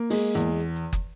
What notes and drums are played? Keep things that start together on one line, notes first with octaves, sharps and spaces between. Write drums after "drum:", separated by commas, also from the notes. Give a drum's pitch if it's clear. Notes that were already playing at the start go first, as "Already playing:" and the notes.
Already playing: A#3
G#3, drum: open hi-hat
E2
drum: hi-hat
drum: hi-hat
drum: kick, hi-hat